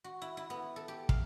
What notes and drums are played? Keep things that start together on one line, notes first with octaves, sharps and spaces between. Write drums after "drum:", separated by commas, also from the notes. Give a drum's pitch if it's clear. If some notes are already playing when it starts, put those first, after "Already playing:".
F#4
E4
E4
B3
A4
G4
F5, drum: kick